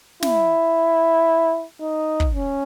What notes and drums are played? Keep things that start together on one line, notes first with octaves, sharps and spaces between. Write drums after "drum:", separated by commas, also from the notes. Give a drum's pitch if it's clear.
E4, drum: snare
D#4
drum: kick
C#4